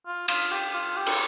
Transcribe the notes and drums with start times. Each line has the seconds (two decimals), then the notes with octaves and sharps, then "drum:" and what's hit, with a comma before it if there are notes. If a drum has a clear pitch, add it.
0.06 F4
0.28 F4, drum: cymbal
0.51 G4
0.74 F4
0.96 G4
1.06 drum: cymbal